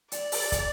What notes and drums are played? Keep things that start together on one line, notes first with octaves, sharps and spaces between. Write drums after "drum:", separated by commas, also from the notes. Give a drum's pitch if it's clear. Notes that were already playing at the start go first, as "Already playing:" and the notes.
D5, drum: hi-hat
drum: open hi-hat
drum: kick, hi-hat